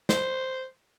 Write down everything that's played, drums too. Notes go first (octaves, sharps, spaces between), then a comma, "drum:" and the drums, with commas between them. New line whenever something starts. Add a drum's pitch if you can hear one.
C5, drum: snare